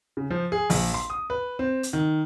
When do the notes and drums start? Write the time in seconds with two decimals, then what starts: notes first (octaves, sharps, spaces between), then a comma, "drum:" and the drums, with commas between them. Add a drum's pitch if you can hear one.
0.17 C#3
0.31 F3
0.52 G#4
0.70 A#1, drum: open hi-hat
0.94 C6
1.10 D#6
1.30 B4
1.59 C4
1.83 drum: hi-hat
1.93 D#3